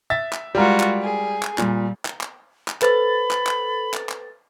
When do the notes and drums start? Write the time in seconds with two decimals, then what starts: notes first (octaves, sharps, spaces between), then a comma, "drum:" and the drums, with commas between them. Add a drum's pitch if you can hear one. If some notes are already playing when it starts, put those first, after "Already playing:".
0.10 E5 A6
0.33 drum: clap
0.55 G3 G#3 F4 F#4 A#4
0.80 drum: clap
1.01 G#4
1.43 drum: clap
1.58 A#2 G3, drum: clap
2.05 drum: clap
2.21 drum: clap
2.68 drum: clap
2.82 A4 B4 C5 B5 A6, drum: clap
3.31 drum: clap
3.47 drum: clap
3.94 drum: clap
4.09 drum: clap